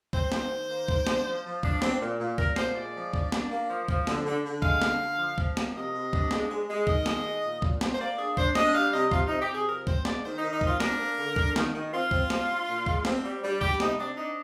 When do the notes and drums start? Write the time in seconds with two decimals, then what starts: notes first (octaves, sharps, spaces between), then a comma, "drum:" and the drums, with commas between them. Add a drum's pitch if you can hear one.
0.13 C4 C5, drum: kick
0.32 D#3, drum: snare
0.51 D#3
0.70 A#3
0.88 D#3, drum: kick
1.07 D4, drum: snare
1.25 F3
1.45 F3
1.63 D4, drum: kick
1.82 C4, drum: snare
2.01 A#2
2.20 A#2
2.38 A#2 A#4, drum: kick
2.56 A#2 C5, drum: snare
2.75 G#3 D5
2.94 F3
3.14 D4, drum: kick
3.32 D4, drum: snare
3.50 A#3
3.69 F3
3.88 F3, drum: kick
4.07 D3, drum: snare
4.25 D3
4.44 D3
4.62 G#3 F5, drum: kick
4.82 D3, drum: snare
5.00 D3
5.19 F3
5.38 F3, drum: kick
5.57 A#3, drum: snare
5.75 C3 D#5
5.93 C3
6.13 D4, drum: kick
6.31 G#3, drum: snare
6.49 G#3
6.69 G#3
6.87 D#3 D#5, drum: kick
7.06 G#3, drum: snare
7.25 D#3
7.43 A#2
7.62 A#2, drum: kick
7.81 C4, drum: snare
7.94 C5
8.00 A#3 D5
8.18 D4 G#4
8.37 D4 C5, drum: kick
8.55 D4 D#5, drum: snare
8.74 G3 F5
8.93 C3 D#5
9.11 C3 F4, drum: kick
9.27 C3 D#4
9.40 G4
9.49 C3
9.54 G#4
9.68 F3 A#4
9.87 C4 C5, drum: kick
10.05 G#3 D5, drum: snare
10.24 D#3 C5
10.38 D#3 D#4
10.52 D#4
10.61 C4, drum: kick
10.66 F4
10.80 D4 A#4, drum: snare
10.99 A#3
11.18 D3
11.36 D4, drum: kick
11.56 D#3, drum: snare
11.74 D#3
11.93 C4 F4
12.11 C4, drum: kick
12.30 C4, drum: snare
12.49 D4
12.68 A#2
12.86 G#3, drum: kick
13.05 C4, drum: snare
13.24 G3
13.43 G3
13.61 G3 G4, drum: kick
13.80 C3 D#4, drum: snare
13.98 C4 D4
14.17 D4 D#4